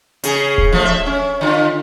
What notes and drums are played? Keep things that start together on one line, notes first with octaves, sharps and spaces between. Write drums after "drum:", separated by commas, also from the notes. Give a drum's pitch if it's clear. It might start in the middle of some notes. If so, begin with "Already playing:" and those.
C#3 G#4, drum: hi-hat
drum: kick D#1
F3 A3
E5
C#4
D3 F4